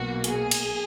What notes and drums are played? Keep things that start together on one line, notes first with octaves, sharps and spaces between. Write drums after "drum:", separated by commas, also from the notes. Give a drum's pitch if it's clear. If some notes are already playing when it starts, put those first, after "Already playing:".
Already playing: B1 B2 A#3 F#4
G#4, drum: hi-hat
drum: cymbal